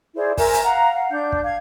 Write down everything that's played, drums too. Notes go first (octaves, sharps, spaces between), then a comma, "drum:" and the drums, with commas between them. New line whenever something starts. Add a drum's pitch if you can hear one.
E4 G#4 C5 D5
A#4 C5 E5 G#5, drum: kick, open hi-hat
drum: hi-hat
F5 F#5 A#5
F5 F#5
D4 G6
drum: kick
F5 G#6